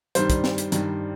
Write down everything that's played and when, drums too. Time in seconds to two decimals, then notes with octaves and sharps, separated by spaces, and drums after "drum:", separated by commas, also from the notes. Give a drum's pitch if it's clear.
0.15 G2 D#3 G3 C5, drum: hi-hat
0.30 drum: kick, hi-hat
0.44 drum: snare
0.58 drum: hi-hat
0.72 G2 D#3 G3, drum: hi-hat